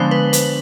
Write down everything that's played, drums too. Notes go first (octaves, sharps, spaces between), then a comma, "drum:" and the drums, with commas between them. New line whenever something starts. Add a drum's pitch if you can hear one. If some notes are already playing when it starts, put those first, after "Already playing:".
Already playing: D3 F3 G#3 B3 D4 C5
B4
B4, drum: hi-hat